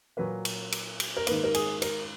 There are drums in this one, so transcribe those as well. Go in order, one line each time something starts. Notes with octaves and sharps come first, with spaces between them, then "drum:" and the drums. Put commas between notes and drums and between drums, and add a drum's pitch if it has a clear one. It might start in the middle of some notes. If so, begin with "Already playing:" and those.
A#2 F#3 A#3 B4
drum: cymbal
drum: cymbal
drum: cymbal
A#4
G#2 D#3 A#3 B4, drum: cymbal
A#4
G#4, drum: cymbal
A#4, drum: cymbal